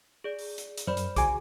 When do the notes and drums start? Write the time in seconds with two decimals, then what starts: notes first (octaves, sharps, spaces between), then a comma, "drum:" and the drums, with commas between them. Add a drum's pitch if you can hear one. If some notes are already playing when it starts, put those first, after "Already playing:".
0.24 G#4 D5
0.39 drum: open hi-hat
0.58 drum: hi-hat
0.78 drum: hi-hat
0.87 F#2 C5 D5 B5
0.97 drum: hi-hat
1.16 C#2 F#4 G#4 G#5 D6, drum: kick B1, hi-hat